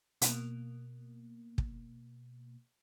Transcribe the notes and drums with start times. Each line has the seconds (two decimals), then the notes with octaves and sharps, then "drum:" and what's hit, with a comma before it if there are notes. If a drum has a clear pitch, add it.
0.22 B2 A#3, drum: hi-hat
1.58 drum: kick